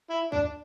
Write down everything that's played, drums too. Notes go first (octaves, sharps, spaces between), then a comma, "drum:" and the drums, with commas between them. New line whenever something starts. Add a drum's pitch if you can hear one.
E4
D4, drum: kick